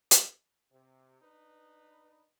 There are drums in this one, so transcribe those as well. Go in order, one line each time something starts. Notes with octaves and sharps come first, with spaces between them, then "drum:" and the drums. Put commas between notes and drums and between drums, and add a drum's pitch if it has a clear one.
drum: hi-hat
C3
D4 D#4 B4